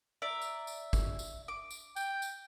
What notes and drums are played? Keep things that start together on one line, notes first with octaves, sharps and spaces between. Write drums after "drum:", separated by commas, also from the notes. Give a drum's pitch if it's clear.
D5 E5 A#5
drum: tambourine
drum: tambourine
drum: kick, tambourine
drum: tambourine
D6
drum: tambourine
G5, drum: tambourine
drum: tambourine